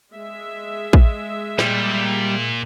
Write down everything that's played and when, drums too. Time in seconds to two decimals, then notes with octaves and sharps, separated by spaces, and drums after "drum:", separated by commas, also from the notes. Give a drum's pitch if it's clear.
0.13 G#3 E5
0.93 drum: kick
1.59 A#2 G3, drum: snare